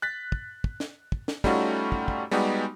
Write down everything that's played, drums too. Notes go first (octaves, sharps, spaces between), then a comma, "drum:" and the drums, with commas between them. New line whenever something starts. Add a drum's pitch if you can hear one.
F#6 A6 B6
drum: kick
drum: kick
drum: snare
drum: kick
drum: snare
G3 A3 C#4 D#4 F4 F#4, drum: kick
drum: kick
drum: kick
G3 G#3 B3 D#4 F#4 G4